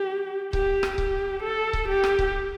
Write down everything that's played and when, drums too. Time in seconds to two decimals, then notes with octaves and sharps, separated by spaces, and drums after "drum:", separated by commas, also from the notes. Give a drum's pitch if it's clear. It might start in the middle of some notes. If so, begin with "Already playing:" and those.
Already playing: G4
0.53 G4, drum: kick C#1
0.83 drum: rim click
0.98 G4, drum: kick C#1
1.43 A4
1.73 drum: kick C#1
1.89 G4
2.04 drum: rim click
2.19 drum: kick C#1